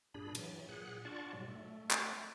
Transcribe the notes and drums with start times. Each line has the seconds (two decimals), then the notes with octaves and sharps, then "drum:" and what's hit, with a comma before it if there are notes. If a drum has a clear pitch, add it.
0.14 G2 A#2 D4 G#4 B5
0.35 E3 F#3, drum: cymbal
0.69 A#2 G#4 F#5 F#6
1.05 D4 F4 D5 F#5 A5 C#6
1.33 G#2 B2 F#3 G3
1.48 A3
1.91 drum: clap